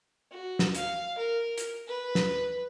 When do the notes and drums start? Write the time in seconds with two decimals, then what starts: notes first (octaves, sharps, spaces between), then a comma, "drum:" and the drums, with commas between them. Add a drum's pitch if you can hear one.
0.31 F#4
0.59 drum: snare
0.75 F5, drum: hi-hat
1.18 A#4
1.58 drum: hi-hat
1.87 B4
2.15 drum: snare